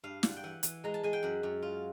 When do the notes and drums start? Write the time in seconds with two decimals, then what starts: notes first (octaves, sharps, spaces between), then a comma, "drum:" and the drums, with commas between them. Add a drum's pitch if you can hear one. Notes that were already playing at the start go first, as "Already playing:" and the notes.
0.04 G2 F5
0.23 G3 F#5, drum: snare
0.37 G5
0.43 E3 F#5
0.63 E3, drum: hi-hat
0.84 G#3 A#5
0.94 A5
1.03 G#3 G#5
1.13 G5
1.23 F#2 F#5
1.43 F#2
1.62 F4